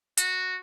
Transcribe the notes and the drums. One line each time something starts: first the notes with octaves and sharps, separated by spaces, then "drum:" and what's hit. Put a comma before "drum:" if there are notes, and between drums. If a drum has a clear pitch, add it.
F#4, drum: hi-hat